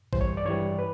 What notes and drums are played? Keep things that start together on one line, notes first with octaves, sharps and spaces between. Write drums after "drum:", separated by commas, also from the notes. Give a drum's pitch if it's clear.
G2 E3 G3 C5, drum: kick A1
C#5
D5
G2 E3 G3 C#5
B4